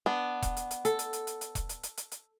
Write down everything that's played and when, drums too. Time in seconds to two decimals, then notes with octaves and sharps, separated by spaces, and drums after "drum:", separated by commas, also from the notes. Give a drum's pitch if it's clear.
0.06 B3 D4
0.43 drum: kick E1, hi-hat
0.57 drum: hi-hat
0.71 drum: hi-hat
0.85 A4, drum: hi-hat
0.99 drum: hi-hat
1.13 drum: hi-hat
1.27 drum: hi-hat
1.41 drum: hi-hat
1.55 drum: kick E1, hi-hat
1.69 drum: hi-hat
1.83 drum: hi-hat
1.98 drum: hi-hat
2.12 drum: hi-hat